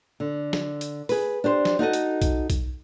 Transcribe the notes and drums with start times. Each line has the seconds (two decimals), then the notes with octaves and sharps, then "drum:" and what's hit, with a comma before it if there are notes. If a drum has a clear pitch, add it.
0.20 D3
0.53 drum: snare
0.81 drum: hi-hat
1.09 G#4 B4, drum: open hi-hat
1.44 D4 G4 C5
1.65 drum: snare
1.79 D#4 F#4 A4 D#5
1.93 drum: hi-hat
2.22 drum: kick B1, hi-hat
2.50 drum: kick B1, hi-hat